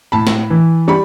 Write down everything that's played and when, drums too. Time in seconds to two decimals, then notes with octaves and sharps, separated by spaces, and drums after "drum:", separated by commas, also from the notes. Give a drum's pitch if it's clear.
0.12 A2 A5 B5
0.27 drum: snare
0.50 E3
0.88 G3 B5 C#6